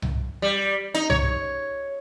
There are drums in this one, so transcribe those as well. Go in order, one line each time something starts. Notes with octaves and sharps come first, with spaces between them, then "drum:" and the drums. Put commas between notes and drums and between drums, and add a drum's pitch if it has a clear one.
drum: tom C2
G3
D#4, drum: hi-hat
C#5, drum: tom C2